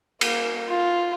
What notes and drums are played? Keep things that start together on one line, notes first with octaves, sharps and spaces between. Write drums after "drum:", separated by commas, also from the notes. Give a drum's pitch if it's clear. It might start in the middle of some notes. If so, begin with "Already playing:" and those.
A#3, drum: cymbal
F4